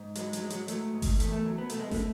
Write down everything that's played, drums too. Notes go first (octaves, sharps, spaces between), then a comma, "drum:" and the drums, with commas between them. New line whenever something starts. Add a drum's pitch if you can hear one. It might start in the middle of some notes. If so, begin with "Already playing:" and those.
Already playing: G#2
F#3 G#3, drum: hi-hat
F#3, drum: hi-hat
G#2 G#3
F#3, drum: hi-hat
F#3 A3, drum: hi-hat
G#2
drum: kick G1, open hi-hat
E2 A3, drum: hi-hat
A3
F#3
B3
B2 A3, drum: hi-hat
G#3
A3, drum: snare